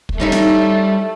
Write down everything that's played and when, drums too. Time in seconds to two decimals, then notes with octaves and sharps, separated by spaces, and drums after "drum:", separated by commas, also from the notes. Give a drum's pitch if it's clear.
0.09 drum: kick
0.20 G3 A3 C#4 D#4 E4
0.32 drum: snare